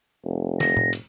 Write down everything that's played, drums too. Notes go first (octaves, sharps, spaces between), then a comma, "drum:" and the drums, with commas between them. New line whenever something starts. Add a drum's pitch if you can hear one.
F1
A#6, drum: snare
drum: tom A2
drum: hi-hat